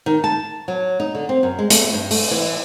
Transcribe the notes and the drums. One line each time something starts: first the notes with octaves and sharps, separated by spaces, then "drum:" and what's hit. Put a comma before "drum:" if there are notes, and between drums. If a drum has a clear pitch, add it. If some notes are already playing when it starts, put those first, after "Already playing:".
D#3
A5
F#3
D#4
D3
C4
F#2
G#3
A3, drum: hi-hat
G2
A3, drum: open hi-hat
E3